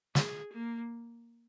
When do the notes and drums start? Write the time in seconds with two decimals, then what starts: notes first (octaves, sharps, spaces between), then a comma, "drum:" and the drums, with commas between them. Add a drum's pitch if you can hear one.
0.15 G#4, drum: snare
0.52 A#3